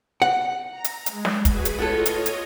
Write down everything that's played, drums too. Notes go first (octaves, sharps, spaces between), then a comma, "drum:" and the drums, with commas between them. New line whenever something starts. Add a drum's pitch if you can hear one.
F#5
A#5 A#6
drum: hi-hat
G#3, drum: hi-hat
drum: snare
F#4 G#4 B4, drum: kick, hi-hat
drum: hi-hat
A2 B3 F4 A4 C#5 D#5
drum: hi-hat
drum: hi-hat